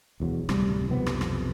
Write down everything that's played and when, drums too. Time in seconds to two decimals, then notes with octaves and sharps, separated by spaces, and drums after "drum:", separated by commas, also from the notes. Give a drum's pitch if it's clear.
0.20 E1 E2 F#3
0.49 D1 C3 G3 C4, drum: rim click
0.88 B1 F2 C3 B3
1.06 drum: rim click
1.21 drum: rim click